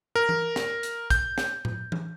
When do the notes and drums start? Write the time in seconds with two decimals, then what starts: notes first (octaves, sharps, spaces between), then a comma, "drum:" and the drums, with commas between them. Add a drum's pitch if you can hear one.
0.16 A#4
0.29 drum: tom E3
0.56 drum: snare
0.83 drum: hi-hat
1.10 G6, drum: kick, hi-hat
1.38 drum: snare
1.65 drum: tom A2
1.92 drum: tom E3